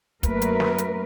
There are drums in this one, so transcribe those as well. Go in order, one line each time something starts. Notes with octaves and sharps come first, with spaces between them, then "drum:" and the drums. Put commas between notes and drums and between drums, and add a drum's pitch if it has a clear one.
F#2 A3 A#3 A#4 B4, drum: kick, hi-hat
drum: hi-hat
drum: snare
drum: hi-hat